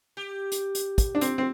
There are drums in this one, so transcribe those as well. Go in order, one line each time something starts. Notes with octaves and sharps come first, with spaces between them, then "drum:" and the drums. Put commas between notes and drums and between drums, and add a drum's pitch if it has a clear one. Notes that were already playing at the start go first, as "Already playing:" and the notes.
G4
drum: hi-hat
drum: hi-hat
drum: kick, hi-hat
D4
C4, drum: hi-hat
C4